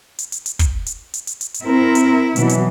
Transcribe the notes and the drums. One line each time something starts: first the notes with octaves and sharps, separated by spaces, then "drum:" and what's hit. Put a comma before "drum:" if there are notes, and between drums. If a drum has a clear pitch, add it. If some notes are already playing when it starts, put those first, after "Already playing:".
drum: hi-hat
drum: hi-hat
drum: hi-hat
drum: kick, hi-hat
drum: hi-hat
drum: hi-hat
drum: hi-hat
drum: hi-hat
drum: hi-hat
C4 E4 A#4
drum: hi-hat
B2 E3 F#3, drum: hi-hat
drum: hi-hat